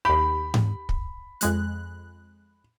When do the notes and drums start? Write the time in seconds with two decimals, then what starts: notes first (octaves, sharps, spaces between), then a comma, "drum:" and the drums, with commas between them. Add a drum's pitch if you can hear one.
0.05 D#2 G4 B5
0.54 drum: tom G#2
0.89 drum: kick
1.41 F2 G#3 F#6, drum: hi-hat